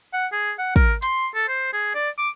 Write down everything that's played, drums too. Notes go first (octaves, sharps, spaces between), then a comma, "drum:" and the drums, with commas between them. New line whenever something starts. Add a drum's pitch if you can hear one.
F#5
G#4
F#5
A#4, drum: kick
C6, drum: hi-hat
A4
C5
G#4
D5
D6